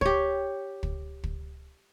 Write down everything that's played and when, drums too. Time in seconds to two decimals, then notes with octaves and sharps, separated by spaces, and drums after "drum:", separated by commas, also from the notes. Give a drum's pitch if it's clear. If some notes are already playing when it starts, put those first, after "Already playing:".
0.01 G4 C#5, drum: kick
0.83 drum: kick
1.24 drum: kick